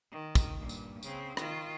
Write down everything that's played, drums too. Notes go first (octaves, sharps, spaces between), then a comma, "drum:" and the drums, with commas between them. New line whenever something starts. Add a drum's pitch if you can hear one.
D#3
drum: kick, tambourine
G2 A#2
drum: tambourine
C#3 C4, drum: tambourine
D#3 F4, drum: rim click